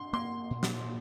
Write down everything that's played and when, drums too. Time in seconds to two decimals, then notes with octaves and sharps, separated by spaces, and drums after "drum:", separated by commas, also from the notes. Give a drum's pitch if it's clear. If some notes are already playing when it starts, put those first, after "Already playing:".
Already playing: D4 C6
0.13 A#3 C6
0.51 A#2
0.63 drum: snare